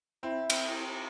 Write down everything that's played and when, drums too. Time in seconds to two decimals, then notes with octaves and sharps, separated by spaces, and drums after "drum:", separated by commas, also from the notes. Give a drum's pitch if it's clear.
0.23 C4 E4
0.50 C4, drum: cymbal